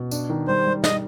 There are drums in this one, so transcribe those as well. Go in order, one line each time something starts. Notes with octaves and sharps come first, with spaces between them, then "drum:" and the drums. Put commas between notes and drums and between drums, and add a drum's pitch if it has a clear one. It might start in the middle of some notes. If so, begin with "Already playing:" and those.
Already playing: B2
D4, drum: tambourine
D#3
G3 C5
G3
D#5, drum: snare